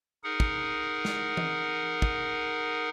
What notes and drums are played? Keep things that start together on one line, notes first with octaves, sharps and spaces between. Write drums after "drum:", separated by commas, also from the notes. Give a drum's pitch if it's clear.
D#4 G#4 A#4 F#5
drum: kick
drum: snare
drum: tom E3
drum: kick